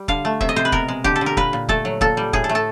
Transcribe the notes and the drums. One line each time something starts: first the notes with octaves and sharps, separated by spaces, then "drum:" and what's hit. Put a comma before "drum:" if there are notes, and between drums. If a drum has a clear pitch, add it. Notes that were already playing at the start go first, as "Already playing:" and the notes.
Already playing: G3
D3 F5, drum: kick
A3
C3 E5, drum: kick
D#5
C3 C5
B4
B2 A#4, drum: kick
G#3
D3 G4, drum: kick
A4
D3
A#4
A#2 B4, drum: kick
A#2
A3 A4, drum: kick
F#3
A#2 A4, drum: kick
G3
A2 G#4, drum: kick
A4
A3
A4